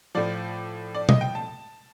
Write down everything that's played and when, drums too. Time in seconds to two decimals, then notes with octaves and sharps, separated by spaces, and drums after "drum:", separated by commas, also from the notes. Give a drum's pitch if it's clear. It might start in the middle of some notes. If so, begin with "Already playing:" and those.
0.15 A2 F3 D5
0.95 D5
1.09 D#5, drum: tom B2
1.21 G5
1.35 A5